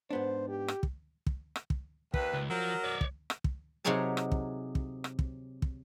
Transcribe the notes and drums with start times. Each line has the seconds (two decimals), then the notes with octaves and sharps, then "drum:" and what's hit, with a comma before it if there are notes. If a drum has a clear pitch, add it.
0.11 G#2 B3 D4 C5
0.48 G4
0.68 drum: rim click
0.83 drum: kick
1.26 drum: kick
1.56 drum: rim click
1.70 drum: kick
2.14 D#2 B4, drum: kick
2.33 C#2
2.50 F3 F#3 A#4
2.84 C#5 D5
3.01 drum: kick
3.30 drum: rim click
3.44 drum: kick
3.84 C3 F#3 D#4 G#4 C#5 A5
4.17 drum: rim click
4.32 drum: kick
4.75 drum: kick
5.04 drum: rim click
5.19 drum: kick
5.62 drum: kick